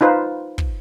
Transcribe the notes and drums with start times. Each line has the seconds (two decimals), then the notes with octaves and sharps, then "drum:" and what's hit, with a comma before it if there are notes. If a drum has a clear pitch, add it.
0.01 D#4 F4 B4 C5
0.58 drum: kick